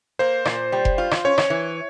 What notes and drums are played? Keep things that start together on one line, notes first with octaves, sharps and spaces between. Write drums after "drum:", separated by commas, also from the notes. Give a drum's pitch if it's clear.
A#3 C5
A#2, drum: rim click
G3
drum: kick F1
F4
drum: rim click
C#4 C#5
drum: rim click
E3